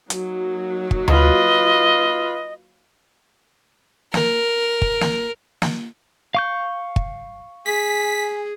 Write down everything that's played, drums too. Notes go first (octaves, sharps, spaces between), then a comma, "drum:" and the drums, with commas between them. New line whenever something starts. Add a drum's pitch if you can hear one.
F#3 A#3 D#4, drum: hi-hat
drum: kick
F4 B4 D#5, drum: tom D2
A#4, drum: snare
drum: kick
drum: snare
drum: snare
F5 C#6 G6
drum: kick
G#4 G#5 B6